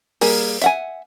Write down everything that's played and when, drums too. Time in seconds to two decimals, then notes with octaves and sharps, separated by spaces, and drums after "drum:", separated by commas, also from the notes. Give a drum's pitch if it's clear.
0.21 G3 A#3 G#4, drum: open hi-hat
0.62 E5 F#5 G#5, drum: hi-hat